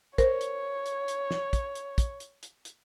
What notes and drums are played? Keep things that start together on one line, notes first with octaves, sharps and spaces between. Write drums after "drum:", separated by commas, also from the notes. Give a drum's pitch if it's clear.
A#4 C5 C#5, drum: kick, hi-hat
drum: hi-hat
drum: hi-hat
drum: hi-hat
drum: snare
drum: kick, hi-hat
drum: hi-hat
drum: kick, hi-hat
drum: hi-hat
drum: hi-hat
drum: hi-hat